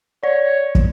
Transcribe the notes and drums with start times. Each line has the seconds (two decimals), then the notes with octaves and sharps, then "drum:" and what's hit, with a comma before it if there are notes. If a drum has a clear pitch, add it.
0.23 C#5 D5
0.75 drum: kick